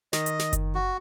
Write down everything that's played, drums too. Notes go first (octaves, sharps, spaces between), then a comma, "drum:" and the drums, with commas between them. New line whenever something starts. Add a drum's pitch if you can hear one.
D#3 D#5, drum: snare
drum: hi-hat
drum: snare
drum: kick F#1, hi-hat
F#4